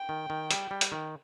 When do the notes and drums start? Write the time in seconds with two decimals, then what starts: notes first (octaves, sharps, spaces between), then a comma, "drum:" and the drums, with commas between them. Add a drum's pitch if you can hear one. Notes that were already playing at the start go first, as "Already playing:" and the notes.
Already playing: G5
0.09 D#3
0.30 D#3
0.51 G3, drum: hi-hat
0.71 G3
0.81 drum: hi-hat
0.92 D#3